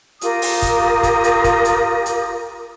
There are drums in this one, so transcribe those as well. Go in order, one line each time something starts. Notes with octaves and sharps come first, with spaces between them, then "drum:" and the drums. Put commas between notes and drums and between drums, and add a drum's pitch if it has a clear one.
F4 G4 A#4 D#6, drum: hi-hat
drum: open hi-hat
drum: kick, hi-hat
drum: kick, hi-hat
drum: hi-hat
drum: kick, hi-hat
drum: hi-hat
drum: hi-hat